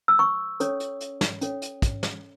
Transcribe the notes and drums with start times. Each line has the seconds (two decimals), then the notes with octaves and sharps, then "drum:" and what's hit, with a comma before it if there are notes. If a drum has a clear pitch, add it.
0.08 E6
0.19 C#6
0.60 C#4 A4 C#5, drum: hi-hat
0.80 drum: hi-hat
1.01 drum: hi-hat
1.21 drum: snare
1.41 C#4 A4 C#5, drum: hi-hat
1.62 drum: hi-hat
1.82 drum: kick, hi-hat
2.03 drum: snare